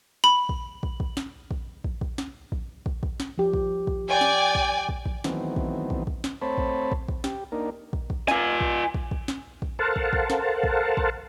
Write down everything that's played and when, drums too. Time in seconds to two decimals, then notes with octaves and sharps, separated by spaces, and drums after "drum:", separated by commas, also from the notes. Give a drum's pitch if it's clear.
0.24 B5
0.49 drum: kick
0.83 drum: kick
1.00 drum: kick
1.17 drum: snare
1.51 drum: kick
1.84 drum: kick
2.01 drum: kick
2.18 drum: snare
2.52 drum: kick
2.86 drum: kick
3.03 drum: kick
3.20 drum: snare
3.38 F3 G4
3.53 drum: kick
3.87 drum: kick
4.07 D5 G5 G#5
4.21 drum: snare
4.55 drum: kick
4.89 drum: kick
5.06 drum: kick
5.24 D#3 E3 F#3 A3 B3 C4, drum: snare
5.56 drum: kick
5.90 drum: kick
6.07 drum: kick
6.24 drum: snare
6.42 A3 C4 C5 C#5 A5 B5
6.58 drum: kick
6.92 drum: kick
7.08 drum: kick
7.24 G4, drum: snare
7.52 A#3 D4 D#4 A#4
7.93 drum: kick
8.10 drum: kick
8.28 F4 G#5, drum: snare
8.61 drum: kick
8.94 drum: kick
9.11 drum: kick
9.28 drum: snare
9.62 drum: kick
9.79 A4 A#4 C5 F5 F#5 A5
9.96 drum: kick
10.13 drum: kick
10.30 drum: snare
10.63 drum: kick
10.97 drum: kick